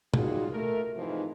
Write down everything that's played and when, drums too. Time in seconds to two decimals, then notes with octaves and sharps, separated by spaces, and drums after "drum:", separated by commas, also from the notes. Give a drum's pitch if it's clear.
0.14 G3 A#3 D#4 F4 F#4 G#4, drum: tom
0.51 A3 A#4
0.96 G#2 C3 E3 F3 D#4